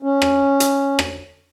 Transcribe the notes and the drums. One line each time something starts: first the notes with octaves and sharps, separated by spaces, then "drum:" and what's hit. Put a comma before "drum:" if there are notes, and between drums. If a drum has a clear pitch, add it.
C#4
drum: rim click
drum: hi-hat
drum: rim click